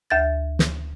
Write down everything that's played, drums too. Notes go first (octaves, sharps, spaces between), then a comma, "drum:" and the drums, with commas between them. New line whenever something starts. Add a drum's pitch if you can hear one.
D2 E5 G6 A6
drum: snare